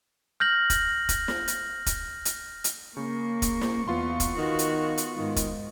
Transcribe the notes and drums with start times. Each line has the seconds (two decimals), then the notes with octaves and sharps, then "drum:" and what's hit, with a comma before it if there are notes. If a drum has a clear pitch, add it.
0.40 F6 G6 A#6 F#7
0.70 drum: kick, hi-hat
1.09 drum: kick, hi-hat
1.28 drum: snare
1.48 drum: hi-hat
1.86 drum: kick, hi-hat
2.25 drum: hi-hat
2.64 drum: hi-hat
2.97 C#3 A#3 C#6
3.42 drum: kick, hi-hat
3.61 drum: snare
3.88 E2 B3 F4 C6
4.20 drum: kick, hi-hat
4.38 D#3 F#4
4.59 drum: hi-hat
4.98 drum: hi-hat
5.17 G#2 D#3
5.36 drum: kick, hi-hat